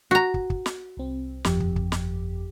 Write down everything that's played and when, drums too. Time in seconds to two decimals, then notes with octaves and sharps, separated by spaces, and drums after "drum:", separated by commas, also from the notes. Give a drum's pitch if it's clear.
0.11 F#4 A#5
0.34 drum: kick
0.50 drum: kick
0.66 drum: snare
0.97 C2 C4
1.44 G1 F2 G4, drum: snare
1.60 drum: kick
1.76 drum: kick
1.92 drum: snare